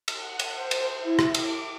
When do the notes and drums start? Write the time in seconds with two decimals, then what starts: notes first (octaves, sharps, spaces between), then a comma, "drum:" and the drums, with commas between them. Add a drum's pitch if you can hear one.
0.08 drum: cymbal
0.17 F#5
0.39 drum: cymbal
0.54 C5
0.71 drum: cymbal
0.99 E4
1.19 drum: rim click
1.34 D6, drum: cymbal